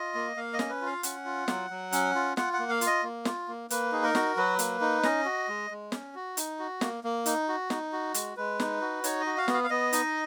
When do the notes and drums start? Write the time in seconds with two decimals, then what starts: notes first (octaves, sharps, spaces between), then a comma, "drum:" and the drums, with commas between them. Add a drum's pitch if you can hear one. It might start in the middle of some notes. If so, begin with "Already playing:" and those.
Already playing: F4 D#5
0.15 A#3
0.37 A#3 F5
0.54 D#5
0.59 C#4, drum: snare
0.70 B4
0.81 F4
0.87 F5
1.03 C#4 F#5, drum: hi-hat
1.25 F4
1.48 F#3, drum: snare
1.70 F#3
1.93 C#4, drum: hi-hat
2.15 F4
2.37 F4 F#5, drum: snare
2.53 F#5
2.59 A#3
2.70 F5
2.81 F4, drum: hi-hat
2.87 D#5
3.03 A#3
3.25 F4, drum: snare
3.48 A#3
3.70 A#3 B4, drum: hi-hat
3.92 D#4 G#4
4.04 A#4
4.15 F#4, drum: snare
4.37 F#3 B4
4.59 A#3, drum: hi-hat
4.81 D#4
5.03 C#4 D#5, drum: snare
5.25 F#4
5.48 G#3
5.71 G#3
5.92 C#4, drum: snare
6.15 F#4
6.37 D#4, drum: hi-hat
6.59 F#4
6.81 A#3, drum: snare
7.04 A#3
7.26 D#4, drum: hi-hat
7.49 F#4
7.70 D#4, drum: snare
7.93 F#4
8.14 G#3, drum: hi-hat
8.37 G#3 B4
8.60 D#4, drum: snare
8.81 F#4
9.04 D#4 C#5, drum: hi-hat
9.21 D#5
9.26 F#4
9.38 F5
9.48 B3, drum: snare
9.54 F5
9.64 F5
9.70 B3 D#5
9.93 D#4, drum: hi-hat